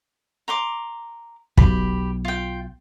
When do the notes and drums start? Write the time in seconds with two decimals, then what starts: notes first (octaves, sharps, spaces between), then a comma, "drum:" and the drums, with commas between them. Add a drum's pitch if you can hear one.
0.48 A#5 C6 D6
1.57 B1 B2 G4 B5, drum: kick
2.25 F4 G5